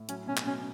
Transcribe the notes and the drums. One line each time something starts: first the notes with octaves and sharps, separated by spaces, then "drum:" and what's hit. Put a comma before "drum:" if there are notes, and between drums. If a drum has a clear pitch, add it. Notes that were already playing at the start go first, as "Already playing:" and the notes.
Already playing: A2
F#3 C#4, drum: hi-hat
B2 C#4
drum: clap
B2 C#4